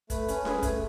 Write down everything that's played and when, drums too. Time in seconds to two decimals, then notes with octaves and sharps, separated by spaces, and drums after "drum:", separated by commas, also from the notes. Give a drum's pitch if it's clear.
0.10 A3 B4, drum: kick, hi-hat
0.28 C#4, drum: hi-hat
0.45 G#4 B4, drum: snare C#4
0.63 A3, drum: kick, hi-hat